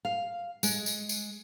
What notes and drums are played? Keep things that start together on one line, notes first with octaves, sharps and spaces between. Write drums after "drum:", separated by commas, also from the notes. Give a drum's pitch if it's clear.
F5
G#3, drum: tambourine
drum: tambourine
drum: tambourine